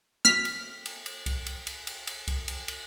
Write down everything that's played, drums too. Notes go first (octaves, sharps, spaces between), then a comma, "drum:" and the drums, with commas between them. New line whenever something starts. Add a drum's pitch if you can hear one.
F6 B6, drum: snare
drum: cymbal
drum: cymbal
drum: cymbal
drum: kick C2, cymbal
drum: cymbal
drum: cymbal
drum: cymbal
drum: cymbal
drum: kick C2, cymbal
drum: cymbal
drum: cymbal